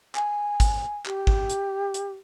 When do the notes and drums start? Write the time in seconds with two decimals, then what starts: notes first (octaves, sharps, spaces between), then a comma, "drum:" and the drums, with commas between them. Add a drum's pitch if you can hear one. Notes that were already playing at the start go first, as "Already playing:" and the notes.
0.15 G#5, drum: clap
0.60 drum: kick G#1, hi-hat
1.06 G4, drum: clap
1.27 drum: kick G#1
1.50 drum: hi-hat
1.94 drum: hi-hat